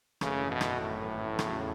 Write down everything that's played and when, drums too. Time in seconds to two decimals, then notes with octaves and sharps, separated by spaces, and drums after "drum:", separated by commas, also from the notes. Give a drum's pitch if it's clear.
0.21 G#1 F#2 C#3 E3 A3, drum: rim click
0.51 B2
0.61 drum: rim click
0.80 G#1 F#2 A2 E3 A3
1.39 E2 C#3 F#3, drum: rim click